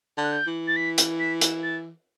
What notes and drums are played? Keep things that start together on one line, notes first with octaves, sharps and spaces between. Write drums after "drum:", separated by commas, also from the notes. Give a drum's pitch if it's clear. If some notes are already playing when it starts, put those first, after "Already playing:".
D3
F#6
G6
E3
A6
B6
drum: hi-hat
B6
drum: hi-hat
A6